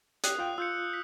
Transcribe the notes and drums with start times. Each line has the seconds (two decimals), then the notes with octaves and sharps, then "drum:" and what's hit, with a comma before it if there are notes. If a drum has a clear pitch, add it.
0.24 G4 D#6 F#6 C7, drum: hi-hat
0.39 F4 F5 G5
0.58 F4 E6 G6 C#7
0.89 G6 B6